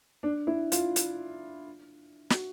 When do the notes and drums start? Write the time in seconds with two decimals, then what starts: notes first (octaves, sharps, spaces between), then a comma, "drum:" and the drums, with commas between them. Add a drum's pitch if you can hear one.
0.23 D4
0.47 E4
0.72 F4, drum: hi-hat
0.96 drum: hi-hat
2.30 F#4, drum: snare